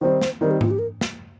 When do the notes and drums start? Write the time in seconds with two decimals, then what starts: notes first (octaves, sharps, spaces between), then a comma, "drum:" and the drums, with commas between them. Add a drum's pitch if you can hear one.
0.01 D#3 G3 C4 D#4 C5
0.22 drum: snare
0.41 D#3 G3 C4 D#4 A#4
0.51 G4
0.61 F4, drum: tom G#2
0.71 G4
0.79 A#4
1.01 drum: snare